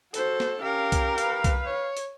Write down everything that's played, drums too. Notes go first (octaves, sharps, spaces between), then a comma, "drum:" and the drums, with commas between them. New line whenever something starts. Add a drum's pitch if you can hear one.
F#4 A4 C5, drum: hi-hat
drum: snare
C#4 G4 A#4 F5
drum: kick C2, hi-hat
B4 F5, drum: hi-hat
drum: kick C2, hi-hat
C#5
drum: hi-hat